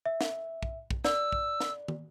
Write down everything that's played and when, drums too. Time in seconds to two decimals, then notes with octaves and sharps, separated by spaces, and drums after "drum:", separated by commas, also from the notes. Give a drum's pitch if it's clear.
0.06 E5
0.21 drum: snare
0.63 drum: kick
0.91 drum: kick
1.04 D5 E6, drum: snare
1.32 drum: kick
1.60 drum: snare
1.88 drum: tom